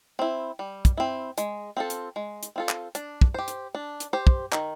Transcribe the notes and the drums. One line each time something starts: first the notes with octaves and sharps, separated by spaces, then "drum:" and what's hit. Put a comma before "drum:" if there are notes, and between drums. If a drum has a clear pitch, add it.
C4 E4
G3
drum: kick, hi-hat
C4 E4
G#3, drum: hi-hat
C4 F4 A4
drum: hi-hat
G#3
drum: hi-hat
C4 F4 A4
drum: clap
D4, drum: hi-hat
drum: kick
G4 C5
drum: hi-hat
D4
drum: hi-hat
G4 C5
drum: kick
D#3, drum: clap